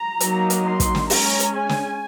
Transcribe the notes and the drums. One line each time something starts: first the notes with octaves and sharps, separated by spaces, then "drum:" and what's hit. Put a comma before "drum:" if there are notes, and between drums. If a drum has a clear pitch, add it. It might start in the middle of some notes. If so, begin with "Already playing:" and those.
Already playing: A#5
F#3 A#3 D#4, drum: hi-hat
drum: hi-hat
C6
drum: kick, hi-hat
drum: snare
G#3 C#4 A#5, drum: open hi-hat
drum: hi-hat
G#5
drum: snare